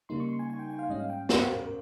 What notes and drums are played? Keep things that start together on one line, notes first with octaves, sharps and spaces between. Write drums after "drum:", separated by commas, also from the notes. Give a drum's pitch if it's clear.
C#3 G3 A#3 D#4 C6
C#6
C6
G#5
G#5
G5
G5
F5
G#2 G3 C#4 D#5
F5
G5
A#4, drum: snare
C5
A#4
A#4